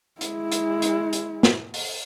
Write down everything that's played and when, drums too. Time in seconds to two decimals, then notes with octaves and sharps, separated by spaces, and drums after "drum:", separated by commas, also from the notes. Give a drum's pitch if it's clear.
0.21 G#3 E4, drum: hi-hat
0.52 drum: hi-hat
0.82 drum: hi-hat
1.13 drum: hi-hat
1.43 drum: snare
1.74 drum: open hi-hat